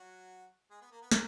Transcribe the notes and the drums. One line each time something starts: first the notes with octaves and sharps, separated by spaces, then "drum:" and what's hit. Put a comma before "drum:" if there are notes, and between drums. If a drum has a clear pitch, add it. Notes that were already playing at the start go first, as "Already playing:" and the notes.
Already playing: F#3 F#4
G#3 G#4
B3 B4
A#3 A#4
B3 B4
A#3 A#4, drum: snare